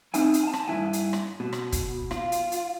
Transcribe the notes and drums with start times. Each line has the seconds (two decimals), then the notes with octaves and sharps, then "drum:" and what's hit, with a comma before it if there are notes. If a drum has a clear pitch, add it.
0.14 C4 D#4 E4 G#5, drum: hi-hat
0.34 drum: hi-hat
0.43 G#5 A5
0.53 drum: rim click
0.68 G2 C#3 E4 G#5
0.93 drum: hi-hat
1.13 drum: rim click
1.40 B2
1.53 drum: rim click
1.72 drum: kick, hi-hat
2.11 F4, drum: rim click
2.32 drum: hi-hat
2.52 drum: hi-hat